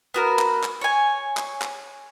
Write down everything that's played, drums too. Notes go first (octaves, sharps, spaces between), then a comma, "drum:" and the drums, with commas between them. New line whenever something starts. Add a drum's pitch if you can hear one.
B3 F#4 A#4
drum: clap
drum: clap
C#5 G#5
drum: clap
drum: clap